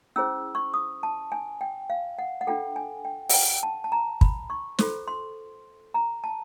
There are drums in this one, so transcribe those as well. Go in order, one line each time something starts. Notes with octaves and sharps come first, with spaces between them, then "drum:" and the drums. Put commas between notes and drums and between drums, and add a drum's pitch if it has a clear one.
C#4 E4 G#4 C5 E6
C#6
D#6
A5
G#5
G5
F5
F#5
F#5
D4 F4 A4 G5
G#5
G5
F#5, drum: open hi-hat
G5
A5
A5
A#5
B5, drum: kick
C#6
F4 A4 C5 C6, drum: snare
C6
A#5
A5